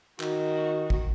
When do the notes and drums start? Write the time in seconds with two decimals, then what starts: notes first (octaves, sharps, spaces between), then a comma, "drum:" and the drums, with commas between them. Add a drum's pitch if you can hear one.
0.20 D#3 F#4, drum: clap
0.90 drum: kick